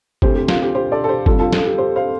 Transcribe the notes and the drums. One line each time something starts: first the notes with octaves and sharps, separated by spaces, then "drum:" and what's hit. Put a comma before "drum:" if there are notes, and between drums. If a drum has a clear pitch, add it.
D2 C3 A3 G4 C5, drum: kick
G4
F4, drum: snare
G4
G4 C5
A4 D5
A4
G4 C5
F2 D3 G3 F4 A4, drum: kick
F4 A4
F4, drum: snare
G4
G4 C5
C5 F5